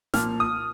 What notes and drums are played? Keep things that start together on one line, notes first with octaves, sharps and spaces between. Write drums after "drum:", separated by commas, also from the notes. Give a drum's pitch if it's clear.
A#2 F3 A#3 F6, drum: snare
D#6